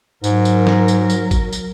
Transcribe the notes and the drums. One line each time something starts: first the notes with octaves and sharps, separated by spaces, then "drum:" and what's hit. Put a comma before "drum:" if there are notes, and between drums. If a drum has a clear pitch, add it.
G#2 F#3 A#4, drum: tambourine
drum: tambourine
drum: snare
drum: tambourine
drum: tambourine
drum: kick G#1, tambourine
drum: tambourine